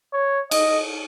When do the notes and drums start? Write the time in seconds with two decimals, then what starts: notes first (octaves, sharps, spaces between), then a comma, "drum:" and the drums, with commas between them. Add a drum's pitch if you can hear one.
0.13 C#5
0.51 D#5, drum: cymbal